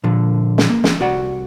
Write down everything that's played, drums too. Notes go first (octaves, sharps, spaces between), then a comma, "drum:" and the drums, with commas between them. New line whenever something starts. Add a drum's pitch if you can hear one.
A#2 D3 F3
drum: snare
A#3
drum: snare
C2 F#4 D5 F#5